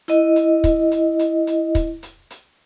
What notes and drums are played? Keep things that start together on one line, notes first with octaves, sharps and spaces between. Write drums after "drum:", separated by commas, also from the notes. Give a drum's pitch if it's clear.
E4 D#5, drum: hi-hat
drum: hi-hat
drum: kick, hi-hat
drum: hi-hat
drum: hi-hat
drum: hi-hat
drum: kick, hi-hat
drum: hi-hat
drum: hi-hat